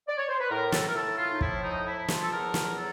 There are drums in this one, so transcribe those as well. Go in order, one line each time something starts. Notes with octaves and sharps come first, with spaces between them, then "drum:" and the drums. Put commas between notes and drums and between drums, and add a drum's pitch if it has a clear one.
D5
C#5
C5
B4
A2 A#4
A4, drum: snare
A#4
A2 A4
F4
D#4
F3 E4, drum: kick
D#4
F3 E4
F4, drum: snare
A4
E2 A#4
drum: snare
F#3 A4